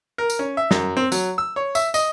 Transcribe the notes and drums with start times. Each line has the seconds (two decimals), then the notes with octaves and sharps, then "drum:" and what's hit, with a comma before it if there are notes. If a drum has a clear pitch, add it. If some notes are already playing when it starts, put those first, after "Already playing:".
0.18 A#4
0.30 drum: tambourine
0.39 C#4
0.57 E5
0.71 F#2, drum: snare
0.97 C4
1.12 F#3, drum: tambourine
1.38 E6
1.56 C#5
1.75 E5, drum: tambourine
1.94 D#5, drum: tambourine